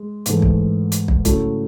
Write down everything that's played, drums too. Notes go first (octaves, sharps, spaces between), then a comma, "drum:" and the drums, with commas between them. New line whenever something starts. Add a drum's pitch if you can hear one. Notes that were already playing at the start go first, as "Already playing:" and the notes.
Already playing: G#3
G#2 E3 A3, drum: hi-hat
drum: kick
drum: hi-hat
drum: kick
C#3 F#3 A3 E4, drum: kick, hi-hat